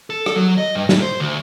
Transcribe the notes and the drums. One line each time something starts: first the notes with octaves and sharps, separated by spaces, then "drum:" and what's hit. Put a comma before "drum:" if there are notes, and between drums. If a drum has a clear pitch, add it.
A4
drum: rim click
F#3
D#5
G2
A2, drum: snare
C5
D2